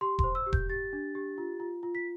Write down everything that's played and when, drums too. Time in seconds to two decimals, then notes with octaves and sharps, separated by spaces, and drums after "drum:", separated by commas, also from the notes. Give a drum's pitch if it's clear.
0.01 G4 C6
0.19 C6, drum: kick E1
0.24 C5
0.35 E6
0.46 G4
0.53 G6, drum: kick E1
0.69 G4 A6
0.93 D4
1.15 G4
1.38 F4
1.60 F4
1.83 F4
1.95 B6